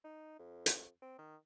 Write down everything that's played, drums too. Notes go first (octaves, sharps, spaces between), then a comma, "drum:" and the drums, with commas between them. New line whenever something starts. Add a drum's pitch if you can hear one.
D#4
F2
drum: hi-hat
C4
D#3